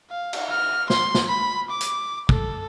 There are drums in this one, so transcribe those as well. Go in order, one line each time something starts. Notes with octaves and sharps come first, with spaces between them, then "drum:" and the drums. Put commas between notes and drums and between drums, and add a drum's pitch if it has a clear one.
F5
drum: cymbal
F6
C6, drum: snare
drum: snare
B5
D6
drum: hi-hat
A4, drum: kick